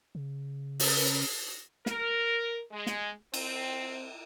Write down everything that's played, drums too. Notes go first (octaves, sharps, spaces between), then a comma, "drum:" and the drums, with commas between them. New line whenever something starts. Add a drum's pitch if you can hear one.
C#3
C#4 A#4 B4, drum: open hi-hat
A#4, drum: snare
G#3
drum: snare
C4, drum: cymbal